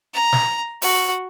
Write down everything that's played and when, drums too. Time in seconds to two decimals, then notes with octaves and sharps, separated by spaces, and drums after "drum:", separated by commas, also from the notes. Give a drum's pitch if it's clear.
0.14 A#5
0.33 drum: snare
0.82 F#4, drum: open hi-hat